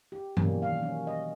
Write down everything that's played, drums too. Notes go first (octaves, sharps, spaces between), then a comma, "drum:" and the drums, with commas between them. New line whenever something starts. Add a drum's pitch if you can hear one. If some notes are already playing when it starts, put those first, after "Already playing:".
G4
B2 E3 F#3 G3 A#3 C#4, drum: tom G2
D#3 F5
C#4
D#5